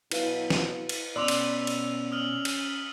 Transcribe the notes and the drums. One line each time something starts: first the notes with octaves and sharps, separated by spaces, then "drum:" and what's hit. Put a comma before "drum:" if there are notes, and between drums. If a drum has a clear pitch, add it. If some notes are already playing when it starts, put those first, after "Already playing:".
B2 F#3 E4 B4 F5, drum: cymbal
drum: snare
drum: cymbal
B2 C#4 B4 D5 C6 D6 E6 F7
drum: cymbal
drum: cymbal
D#6 F6 F#7
drum: cymbal